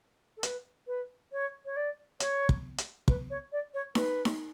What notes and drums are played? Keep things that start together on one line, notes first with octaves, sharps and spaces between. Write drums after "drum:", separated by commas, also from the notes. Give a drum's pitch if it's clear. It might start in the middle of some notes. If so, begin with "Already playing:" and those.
A4
B4, drum: hi-hat
B4
C#5
C#5
D5
C#5, drum: hi-hat
drum: kick
drum: hi-hat
B4, drum: kick
C#5
D5
C#5
B4, drum: snare D#4
drum: snare D#4